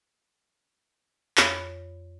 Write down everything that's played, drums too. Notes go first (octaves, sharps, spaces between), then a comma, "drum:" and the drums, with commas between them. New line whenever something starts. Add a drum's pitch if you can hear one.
F2 C#5 B5 G6, drum: clap